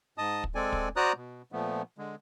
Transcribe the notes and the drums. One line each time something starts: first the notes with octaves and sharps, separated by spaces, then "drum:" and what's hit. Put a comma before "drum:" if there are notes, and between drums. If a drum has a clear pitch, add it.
G#2 D#5 A5 D#6
drum: kick
G#3 C4 A4 D5 G#5
drum: kick
F#4 C5 D5 A#5 D#6 F#6
B2
A#2 F3 A3 B3
D3 G#3